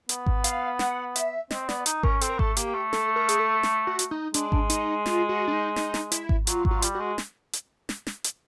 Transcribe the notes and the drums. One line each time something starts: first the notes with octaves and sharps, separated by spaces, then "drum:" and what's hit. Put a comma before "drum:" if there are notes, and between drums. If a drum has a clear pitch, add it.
B3, drum: hi-hat
drum: kick G#1
F5, drum: hi-hat
F#5, drum: snare
E5, drum: hi-hat
C4 D#5, drum: snare
B3 D5, drum: snare
D#4, drum: hi-hat
C#4 A#4, drum: kick G#1
C4 A4, drum: hi-hat
A#4
A3 A4, drum: kick G#1
A#3 G4, drum: hi-hat
A3
A4, drum: snare
A#4
G#4, drum: hi-hat
A4
drum: snare
F#4
drum: hi-hat
D#4
G#3 D4, drum: hi-hat
drum: kick G#1
D#4, drum: hi-hat
F4, drum: snare
F#4
D4
D#4
D#4, drum: snare
drum: snare
E4, drum: hi-hat
drum: kick G#1
F#3 F4, drum: hi-hat
F#3, drum: kick G#1
F4
G3, drum: hi-hat
F#4
G#3
drum: snare
drum: hi-hat
drum: snare
drum: snare
drum: hi-hat